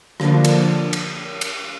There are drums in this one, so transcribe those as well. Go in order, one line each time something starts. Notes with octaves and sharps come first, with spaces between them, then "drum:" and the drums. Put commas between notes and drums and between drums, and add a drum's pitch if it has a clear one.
D3 F3 A#3 D4, drum: rim click
drum: cymbal
drum: cymbal
drum: cymbal